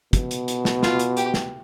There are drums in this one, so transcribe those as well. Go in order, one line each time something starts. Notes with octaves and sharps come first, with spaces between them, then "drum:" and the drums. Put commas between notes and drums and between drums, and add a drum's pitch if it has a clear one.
B2, drum: kick, hi-hat
drum: hi-hat
drum: hi-hat
drum: snare
F4, drum: snare
drum: hi-hat
G4, drum: hi-hat
drum: snare